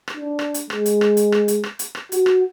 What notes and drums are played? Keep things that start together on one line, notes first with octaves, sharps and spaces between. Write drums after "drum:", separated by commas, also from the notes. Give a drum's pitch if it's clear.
drum: rim click
D4
drum: rim click
drum: hi-hat
G#3, drum: rim click
drum: hi-hat
drum: rim click
drum: hi-hat
drum: rim click
drum: hi-hat
drum: rim click
drum: hi-hat
drum: rim click
F#4, drum: hi-hat
drum: rim click